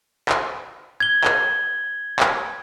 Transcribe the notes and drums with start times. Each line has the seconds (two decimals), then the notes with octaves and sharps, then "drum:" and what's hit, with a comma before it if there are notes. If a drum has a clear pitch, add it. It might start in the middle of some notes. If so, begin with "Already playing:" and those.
0.29 drum: clap
1.00 G#6 G7
1.24 drum: clap
2.20 drum: clap